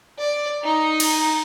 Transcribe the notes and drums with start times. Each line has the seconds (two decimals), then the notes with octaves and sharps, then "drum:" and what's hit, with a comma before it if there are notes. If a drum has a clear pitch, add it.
0.19 D5
0.63 D#4 A#5
1.00 drum: cymbal